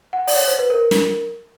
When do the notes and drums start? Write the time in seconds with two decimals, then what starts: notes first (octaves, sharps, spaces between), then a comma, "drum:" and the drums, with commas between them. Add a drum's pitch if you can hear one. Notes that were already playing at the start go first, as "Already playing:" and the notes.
0.13 F#5
0.27 D5, drum: open hi-hat
0.35 C#5
0.48 C5
0.59 B4
0.70 A#4
0.91 drum: snare